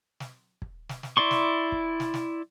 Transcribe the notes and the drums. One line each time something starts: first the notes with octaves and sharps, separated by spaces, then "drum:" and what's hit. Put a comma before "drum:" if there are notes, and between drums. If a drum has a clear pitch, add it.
drum: snare
drum: kick
drum: snare
drum: snare
E4 D5 C6 C#6
drum: snare
drum: kick
drum: snare
drum: snare